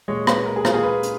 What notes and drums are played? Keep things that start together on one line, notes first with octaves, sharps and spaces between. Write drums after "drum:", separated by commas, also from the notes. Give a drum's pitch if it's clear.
A#2 G#3 C#5
B4, drum: rim click
A#4
G#4
F4, drum: rim click
G#4
B4
drum: hi-hat